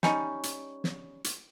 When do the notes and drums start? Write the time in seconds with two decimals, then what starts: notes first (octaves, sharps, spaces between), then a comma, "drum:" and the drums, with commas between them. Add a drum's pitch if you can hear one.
0.03 G3 C#4 D#4, drum: snare
0.43 drum: hi-hat
0.84 drum: snare
1.24 drum: hi-hat